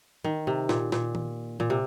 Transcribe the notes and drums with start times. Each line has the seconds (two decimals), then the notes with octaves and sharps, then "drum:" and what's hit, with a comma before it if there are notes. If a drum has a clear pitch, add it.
0.24 D#3, drum: tom D#3
0.47 C3
0.69 A#2, drum: snare
0.92 A#2, drum: snare
1.15 drum: tom D#3
1.60 A#2, drum: tom D#3
1.70 C3